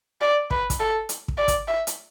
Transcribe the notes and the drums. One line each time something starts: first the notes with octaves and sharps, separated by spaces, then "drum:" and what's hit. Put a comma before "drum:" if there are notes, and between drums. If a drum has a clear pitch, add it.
D5
B4, drum: kick
drum: kick, hi-hat
A4
drum: hi-hat
drum: kick
D5
drum: kick, hi-hat
E5
drum: hi-hat